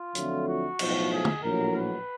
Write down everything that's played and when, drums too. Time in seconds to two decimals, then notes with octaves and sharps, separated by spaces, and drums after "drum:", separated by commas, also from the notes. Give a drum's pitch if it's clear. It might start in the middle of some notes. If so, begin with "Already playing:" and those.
Already playing: F4
0.15 F2 D3 F#3 A3, drum: hi-hat
0.47 F#4
0.79 B1 A2 F3 A3, drum: cymbal
1.12 G#4
1.25 drum: tom
1.43 A#1 A2 F#3 A#4
1.75 B4